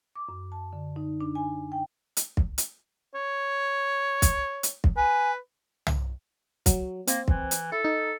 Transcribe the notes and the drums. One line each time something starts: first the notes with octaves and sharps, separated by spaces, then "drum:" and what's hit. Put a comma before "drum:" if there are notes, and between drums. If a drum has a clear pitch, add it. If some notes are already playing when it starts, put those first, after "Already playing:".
D6
F#2
A5
D3
D#4
D4
G#5
G5
drum: hi-hat
drum: kick
drum: hi-hat
C#5
drum: kick, hi-hat
drum: hi-hat
drum: kick
B4 G#5
drum: tom
F#3, drum: kick, hi-hat
A#3 C4, drum: hi-hat
E3, drum: kick
drum: hi-hat
E4 A4
D#4